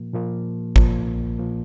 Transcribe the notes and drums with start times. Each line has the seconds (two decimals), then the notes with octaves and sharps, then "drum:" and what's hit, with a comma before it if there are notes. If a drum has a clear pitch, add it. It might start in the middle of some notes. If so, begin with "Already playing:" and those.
Already playing: A#2 F3 A#3
0.13 A#2 F3 A#3
0.76 A#2 F3 A#3, drum: kick G#1
1.38 A#2 F3 A#3